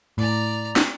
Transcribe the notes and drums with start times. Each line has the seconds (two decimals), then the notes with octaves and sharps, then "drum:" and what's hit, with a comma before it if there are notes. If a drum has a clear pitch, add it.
0.18 A2 D5 A#5
0.76 drum: snare